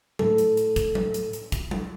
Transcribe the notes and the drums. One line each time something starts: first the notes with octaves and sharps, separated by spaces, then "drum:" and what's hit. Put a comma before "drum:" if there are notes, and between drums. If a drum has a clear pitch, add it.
A2 A4, drum: tom F#3
drum: hi-hat
drum: hi-hat
drum: kick, hi-hat
drum: tom F#3
drum: hi-hat
drum: hi-hat
drum: kick, hi-hat
drum: tom F#3